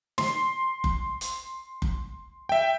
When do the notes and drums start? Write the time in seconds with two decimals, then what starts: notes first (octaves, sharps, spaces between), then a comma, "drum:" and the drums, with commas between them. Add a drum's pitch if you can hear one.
0.18 C6, drum: snare
0.84 drum: kick F#1
1.21 drum: hi-hat
1.82 drum: kick F#1
2.49 E5 G5